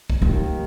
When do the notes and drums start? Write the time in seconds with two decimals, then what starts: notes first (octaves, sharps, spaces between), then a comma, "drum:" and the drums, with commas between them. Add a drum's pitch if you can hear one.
0.10 drum: kick A#1
0.21 D#2 D#3 D#4